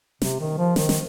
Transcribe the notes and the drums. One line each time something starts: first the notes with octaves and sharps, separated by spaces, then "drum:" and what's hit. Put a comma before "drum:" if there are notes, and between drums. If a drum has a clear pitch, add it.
C3, drum: snare
D#3
F3
D#3, drum: snare
drum: snare